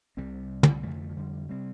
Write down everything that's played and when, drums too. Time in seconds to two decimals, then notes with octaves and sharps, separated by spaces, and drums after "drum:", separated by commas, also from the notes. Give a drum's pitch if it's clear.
0.17 C2 C3 G3 C4
0.63 drum: tom
0.83 F2 D3 F3 A3
1.10 F3
1.17 D3 G3
1.49 C3 G3 C4